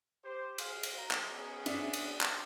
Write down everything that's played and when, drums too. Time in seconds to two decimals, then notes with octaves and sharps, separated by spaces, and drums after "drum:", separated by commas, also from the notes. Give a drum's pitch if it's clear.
0.24 G4 C5
0.58 G#4 F5, drum: cymbal
0.83 drum: cymbal
0.96 A#5
1.11 drum: clap
1.31 B3 C#4 G#4
1.66 D4 E5, drum: cymbal
1.93 drum: cymbal
2.21 drum: clap